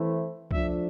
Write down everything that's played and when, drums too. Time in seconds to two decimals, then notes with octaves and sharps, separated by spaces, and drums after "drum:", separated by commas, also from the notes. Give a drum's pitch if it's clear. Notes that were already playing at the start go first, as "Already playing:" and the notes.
Already playing: E3 A3 C4 E4
0.51 F3 A3 D4 E5, drum: kick C2